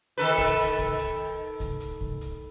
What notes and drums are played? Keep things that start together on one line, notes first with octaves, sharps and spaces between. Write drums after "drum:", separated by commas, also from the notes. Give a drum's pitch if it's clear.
D#3 A4 B4
drum: kick C2, hi-hat
drum: hi-hat
drum: kick C2, hi-hat
drum: hi-hat
drum: kick C2, hi-hat
drum: hi-hat
drum: kick C2
drum: hi-hat